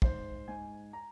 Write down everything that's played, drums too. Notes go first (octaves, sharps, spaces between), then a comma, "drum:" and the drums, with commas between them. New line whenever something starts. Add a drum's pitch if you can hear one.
G#2 C5, drum: kick
G#2 G#5
A#5